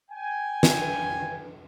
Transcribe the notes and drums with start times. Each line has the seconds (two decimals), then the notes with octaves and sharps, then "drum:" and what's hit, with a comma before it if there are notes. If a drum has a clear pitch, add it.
0.11 G5 G#5
0.63 drum: snare